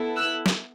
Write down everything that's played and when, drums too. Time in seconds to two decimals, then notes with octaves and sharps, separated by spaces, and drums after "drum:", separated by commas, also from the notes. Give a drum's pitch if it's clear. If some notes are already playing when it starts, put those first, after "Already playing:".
Already playing: B3 E4 A4
0.17 E6 F#6
0.46 drum: snare